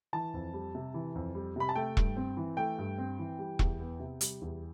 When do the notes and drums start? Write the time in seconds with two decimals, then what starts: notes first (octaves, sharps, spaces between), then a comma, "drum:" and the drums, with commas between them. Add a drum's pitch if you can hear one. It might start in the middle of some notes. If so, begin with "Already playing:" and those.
0.13 E3 A5
0.34 F2
0.54 G3
0.75 C3
0.94 E3
1.15 F2
1.35 G3
1.56 C3 B5
1.69 A5
1.75 A3 G5
1.97 G2, drum: kick E1
2.17 C4
2.37 E3
2.57 A3 G5
2.78 G2
2.98 C4
3.19 E3
3.39 G3
3.59 E2, drum: kick E1
3.80 B3
4.00 C3
4.21 G3, drum: hi-hat
4.41 E2